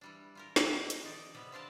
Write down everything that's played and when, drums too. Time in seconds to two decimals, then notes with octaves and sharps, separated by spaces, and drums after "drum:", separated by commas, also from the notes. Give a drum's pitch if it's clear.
0.01 E3 G3 D4
0.35 F4 G4 A#4
0.56 E3, drum: snare
0.90 drum: hi-hat
1.04 D#3 F3 D#4 D5
1.34 C3 G3 B3 B4
1.52 C4 D4 C5 D5 F5 A5